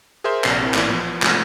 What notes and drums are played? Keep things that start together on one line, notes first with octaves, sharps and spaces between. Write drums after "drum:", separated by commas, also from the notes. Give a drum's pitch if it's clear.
G#4 A#4 C5 E5 C6 G6
A#1 C3 D5 C7, drum: clap
C4 E4 A#4
A1 A#2 E3 D5, drum: clap
F3 B3
G#2 C3 F3 A3, drum: clap